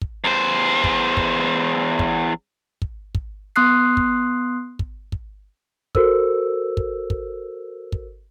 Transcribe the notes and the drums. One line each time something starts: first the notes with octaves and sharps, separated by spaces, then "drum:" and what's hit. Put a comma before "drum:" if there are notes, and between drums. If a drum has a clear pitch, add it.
drum: kick
E2 C5
drum: kick
drum: kick
drum: kick
drum: kick
drum: kick
B3 C6 D#6 F#6 C7
drum: kick
drum: kick
drum: kick
F#4 A4 A#4 C5 E6, drum: kick
drum: kick
drum: kick
drum: kick